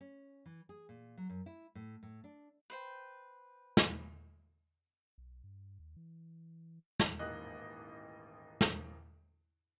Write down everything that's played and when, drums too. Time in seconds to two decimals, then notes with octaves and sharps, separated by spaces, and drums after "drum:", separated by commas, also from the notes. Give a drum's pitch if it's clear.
0.01 C#4
0.46 E3
0.69 G#4
0.89 A#2
1.17 F#3
1.30 F#2
1.46 E4
1.75 A2
2.03 A2
2.24 D4
2.70 B4 C5 G5
3.77 drum: snare
5.18 B1
5.44 G2
5.80 D#2
5.96 E3
6.99 drum: snare
7.19 D#1 A1 G#2 A#3 D#5 F#6
8.61 drum: snare